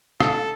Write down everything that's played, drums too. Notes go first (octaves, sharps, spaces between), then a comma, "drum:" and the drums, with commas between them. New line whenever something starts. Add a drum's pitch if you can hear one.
A4, drum: rim click